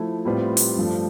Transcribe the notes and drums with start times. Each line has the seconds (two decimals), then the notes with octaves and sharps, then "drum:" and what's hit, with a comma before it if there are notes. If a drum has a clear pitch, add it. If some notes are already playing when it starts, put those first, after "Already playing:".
Already playing: F3 A3 E4
0.25 A2 G3 C4 F4 B4
0.57 drum: open hi-hat
0.77 G2 F3 A3